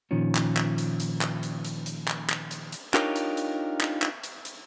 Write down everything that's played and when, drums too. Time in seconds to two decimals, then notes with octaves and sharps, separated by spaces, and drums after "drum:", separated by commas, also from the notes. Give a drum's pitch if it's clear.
0.11 A#2 D#3 F3 C#4
0.35 drum: clap
0.57 drum: clap
0.78 drum: hi-hat
1.00 drum: hi-hat
1.21 drum: clap
1.43 drum: hi-hat
1.65 drum: hi-hat
1.86 drum: hi-hat
2.08 drum: clap
2.29 drum: clap
2.51 drum: hi-hat
2.72 drum: hi-hat
2.94 D4 D#4 F4 G4 A#4 C#5, drum: clap
3.16 drum: hi-hat
3.37 drum: hi-hat
3.80 drum: clap
4.02 drum: clap
4.24 drum: hi-hat
4.45 drum: hi-hat